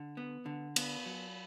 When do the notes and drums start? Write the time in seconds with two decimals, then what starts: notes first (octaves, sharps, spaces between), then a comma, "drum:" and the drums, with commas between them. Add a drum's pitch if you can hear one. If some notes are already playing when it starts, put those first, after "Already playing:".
Already playing: D3
0.17 B3
0.46 D3
0.76 B3, drum: cymbal
1.06 F#3